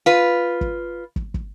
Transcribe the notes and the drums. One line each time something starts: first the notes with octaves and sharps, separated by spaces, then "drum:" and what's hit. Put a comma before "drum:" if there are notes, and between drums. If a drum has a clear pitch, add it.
F4 B4
drum: kick
drum: kick
drum: kick